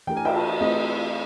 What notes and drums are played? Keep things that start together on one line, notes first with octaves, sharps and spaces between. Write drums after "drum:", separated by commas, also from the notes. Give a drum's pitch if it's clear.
E3 A3 D4 G4 A#4 G5
G#5
G5, drum: cymbal
A5
A3 C4 E4 G#4 D#5